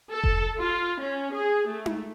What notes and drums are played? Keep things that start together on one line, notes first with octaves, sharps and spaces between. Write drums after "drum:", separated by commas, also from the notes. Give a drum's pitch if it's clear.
A4
drum: kick F1
F4
C#4
G#4
A3
drum: tom D#4